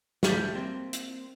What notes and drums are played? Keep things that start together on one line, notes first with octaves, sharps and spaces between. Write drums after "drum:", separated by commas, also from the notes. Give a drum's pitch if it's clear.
G3 G#3 E4 G4 A4 E5, drum: snare
A#3 C4
drum: hi-hat